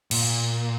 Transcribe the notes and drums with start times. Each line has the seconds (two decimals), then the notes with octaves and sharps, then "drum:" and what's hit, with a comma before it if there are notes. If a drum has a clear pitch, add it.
0.11 A#2, drum: cymbal